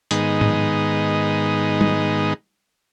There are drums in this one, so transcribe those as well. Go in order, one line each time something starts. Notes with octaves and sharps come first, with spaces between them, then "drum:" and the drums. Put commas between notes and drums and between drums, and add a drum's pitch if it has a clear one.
G#2 D#3 G#3 B3 D#4, drum: hi-hat
drum: tom
drum: tom